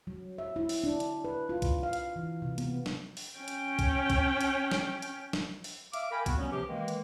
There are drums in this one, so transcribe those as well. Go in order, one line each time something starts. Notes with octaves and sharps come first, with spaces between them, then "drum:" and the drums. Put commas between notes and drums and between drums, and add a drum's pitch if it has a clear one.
F#3
E5
E4
drum: open hi-hat
D4
drum: hi-hat
B4
F4
drum: kick B1, hi-hat
F5
drum: hi-hat
E3
C3
B3, drum: hi-hat
drum: snare
drum: open hi-hat
C#4 G5
drum: hi-hat
drum: kick B1, hi-hat
drum: kick B1, hi-hat
drum: hi-hat
drum: snare
drum: hi-hat
drum: snare
drum: open hi-hat
E5 F5 D6, drum: hi-hat
A#4 F5 G5 G#5 B5
B3 F#4, drum: kick B1, hi-hat
F#3 G3 B3 C#4
C3 E3 F3 G4
D#3 E3 G#3 A#3
drum: hi-hat